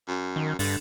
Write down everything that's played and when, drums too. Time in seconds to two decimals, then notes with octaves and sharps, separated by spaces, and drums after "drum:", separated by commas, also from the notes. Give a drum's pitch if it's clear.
0.08 F#2
0.36 D#3
0.59 G2 D3, drum: open hi-hat